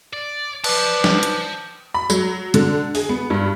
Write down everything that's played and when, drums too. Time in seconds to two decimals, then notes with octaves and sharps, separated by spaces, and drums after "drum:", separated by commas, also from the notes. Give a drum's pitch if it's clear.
0.13 D5
0.64 B4 C5 D5 A5, drum: cymbal
1.04 drum: snare
1.23 drum: hi-hat
1.94 B5
2.10 F#3, drum: tambourine
2.54 D3, drum: hi-hat
2.95 G#4, drum: open hi-hat
3.09 B3
3.30 G2